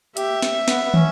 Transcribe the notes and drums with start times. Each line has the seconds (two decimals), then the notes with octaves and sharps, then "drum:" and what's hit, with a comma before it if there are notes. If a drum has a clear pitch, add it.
0.17 G4 E5, drum: hi-hat
0.42 drum: snare
0.68 B3, drum: snare
0.84 B3
0.94 C#4, drum: tom